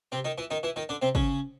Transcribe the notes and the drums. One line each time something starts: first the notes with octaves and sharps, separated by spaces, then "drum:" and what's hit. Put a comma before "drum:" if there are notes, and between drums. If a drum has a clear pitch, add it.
C3 C4
D#3 D#4
E3 E4
D#3 D#4
E3 E4
D#3 D#4
D3 D4
C3 C4
C#3 C#4, drum: kick